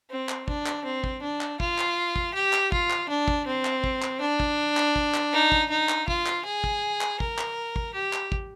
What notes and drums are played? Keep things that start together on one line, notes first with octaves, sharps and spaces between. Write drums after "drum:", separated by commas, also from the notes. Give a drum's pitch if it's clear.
C4
drum: clap
D4, drum: kick
drum: clap
C4
drum: kick
D4
drum: clap
F4, drum: kick
drum: clap
drum: kick
G4
drum: clap
F4, drum: kick
drum: clap
D4
drum: kick
C4
drum: clap
drum: kick
drum: clap
D4
drum: kick
drum: clap
drum: kick
drum: clap
D#4
drum: kick
D#4
drum: clap
F4, drum: kick
drum: clap
G#4
drum: kick
drum: clap
A#4, drum: kick
drum: clap
drum: kick
G4
drum: clap
drum: kick